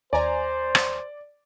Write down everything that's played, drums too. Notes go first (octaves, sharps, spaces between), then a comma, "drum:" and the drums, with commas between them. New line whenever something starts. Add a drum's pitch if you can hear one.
D#2 C5 D5 G#5 A#5
drum: rim click